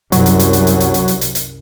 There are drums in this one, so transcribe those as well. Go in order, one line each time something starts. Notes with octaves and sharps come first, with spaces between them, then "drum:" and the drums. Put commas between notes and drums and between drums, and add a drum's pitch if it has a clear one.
C2 F#2 F#3, drum: hi-hat
drum: hi-hat
drum: hi-hat
drum: hi-hat
drum: hi-hat
drum: hi-hat
drum: hi-hat
drum: hi-hat
drum: hi-hat
drum: hi-hat